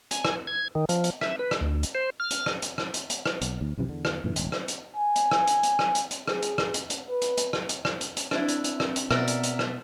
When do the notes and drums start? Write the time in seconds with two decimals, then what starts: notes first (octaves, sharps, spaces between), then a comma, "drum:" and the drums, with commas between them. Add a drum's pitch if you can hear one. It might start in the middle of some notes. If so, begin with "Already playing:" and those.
0.11 G#5, drum: hi-hat
0.25 drum: rim click
0.47 G#6
0.75 D#3
0.89 F3, drum: hi-hat
1.04 drum: hi-hat
1.21 E5, drum: rim click
1.39 B4
1.51 drum: rim click
1.61 D2
1.83 drum: hi-hat
1.95 C5
2.20 F6
2.30 drum: hi-hat
2.46 drum: rim click
2.62 drum: hi-hat
2.78 drum: rim click
2.94 drum: hi-hat
3.10 drum: hi-hat
3.26 drum: rim click
3.41 B1, drum: hi-hat
3.61 D2
3.77 B1 F#2 C3 E3
3.89 E2 D3
4.05 drum: rim click
4.24 F#2 A#2 D3 E3
4.36 E1 A1, drum: hi-hat
4.52 drum: rim click
4.68 drum: hi-hat
4.96 G#5
5.16 drum: hi-hat
5.31 drum: rim click
5.47 drum: hi-hat
5.63 drum: hi-hat
5.79 drum: rim click
5.95 drum: hi-hat
6.11 drum: hi-hat
6.28 G#4, drum: rim click
6.42 drum: hi-hat
6.58 drum: rim click
6.74 drum: hi-hat
6.90 drum: hi-hat
7.09 B4
7.22 drum: hi-hat
7.37 drum: hi-hat
7.53 drum: rim click
7.69 drum: hi-hat
7.85 drum: rim click
8.01 drum: hi-hat
8.17 drum: hi-hat
8.31 C4 D4 E4, drum: rim click
8.48 drum: hi-hat
8.64 drum: hi-hat
8.80 drum: rim click
8.96 drum: hi-hat
9.11 B2 A#4 D5 E5 F#5, drum: rim click
9.27 drum: hi-hat
9.43 drum: hi-hat
9.59 drum: rim click